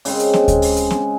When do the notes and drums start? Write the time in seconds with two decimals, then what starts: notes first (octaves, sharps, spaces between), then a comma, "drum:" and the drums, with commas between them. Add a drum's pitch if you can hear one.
0.05 C#3 G#3 C4, drum: open hi-hat
0.19 drum: hi-hat
0.34 drum: snare
0.48 drum: kick D2, hi-hat
0.62 drum: open hi-hat
0.76 drum: hi-hat
0.91 drum: snare